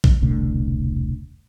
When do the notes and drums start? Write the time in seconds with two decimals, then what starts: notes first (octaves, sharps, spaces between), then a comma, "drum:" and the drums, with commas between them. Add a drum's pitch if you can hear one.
0.04 drum: kick A#1
0.22 E1 C2 A2 D3